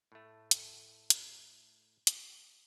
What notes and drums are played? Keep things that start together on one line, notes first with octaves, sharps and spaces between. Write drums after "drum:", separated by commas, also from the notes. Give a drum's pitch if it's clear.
A2 A3
drum: hi-hat
drum: hi-hat
drum: hi-hat